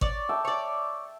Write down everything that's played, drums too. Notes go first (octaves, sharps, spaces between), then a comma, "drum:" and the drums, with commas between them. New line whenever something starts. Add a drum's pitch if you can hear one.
C#5 D5, drum: kick
E5 G5 A5
C#5 D5